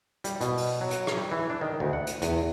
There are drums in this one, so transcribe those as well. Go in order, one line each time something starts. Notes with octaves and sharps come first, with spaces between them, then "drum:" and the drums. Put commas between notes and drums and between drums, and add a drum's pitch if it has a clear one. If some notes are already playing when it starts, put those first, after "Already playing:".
G3, drum: hi-hat
B2, drum: hi-hat
drum: open hi-hat
F#3
drum: hi-hat
drum: rim click
G3
E3
D4
D#3
D2
F#5
drum: hi-hat
E2, drum: hi-hat